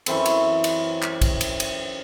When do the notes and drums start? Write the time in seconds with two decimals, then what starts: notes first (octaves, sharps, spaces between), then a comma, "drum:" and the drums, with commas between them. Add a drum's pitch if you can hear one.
0.06 F#2 E3 C4 A4, drum: cymbal
0.26 drum: cymbal
0.64 drum: cymbal
1.02 drum: clap
1.21 drum: kick, cymbal
1.41 drum: cymbal
1.60 drum: cymbal